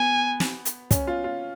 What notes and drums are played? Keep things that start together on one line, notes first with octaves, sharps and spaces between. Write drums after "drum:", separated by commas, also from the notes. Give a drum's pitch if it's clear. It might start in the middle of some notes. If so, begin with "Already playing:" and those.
Already playing: B3 G#5
drum: snare
drum: hi-hat
C#4, drum: kick, hi-hat
F4
F4